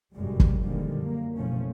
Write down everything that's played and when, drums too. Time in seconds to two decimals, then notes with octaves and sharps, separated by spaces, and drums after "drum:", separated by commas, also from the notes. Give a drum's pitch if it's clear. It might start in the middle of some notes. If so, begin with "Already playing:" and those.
0.14 F1 F#2 A2 G3 G#3
0.40 drum: kick F#1
0.61 A#2 D3 D#3 F3 G3 G#3
0.97 F#2 A#3
1.35 F#1 B2 F3 A3 C#4